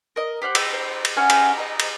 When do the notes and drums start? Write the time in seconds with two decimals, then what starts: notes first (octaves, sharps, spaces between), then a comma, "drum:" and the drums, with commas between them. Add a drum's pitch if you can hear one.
0.16 A#4 D#5
0.42 G4 C5 F5 F#5
0.55 E6, drum: cymbal
0.73 C5
1.05 drum: cymbal
1.17 C#4 F5 F#5 G#5
1.30 drum: cymbal
1.57 D#5 A#5
1.80 drum: cymbal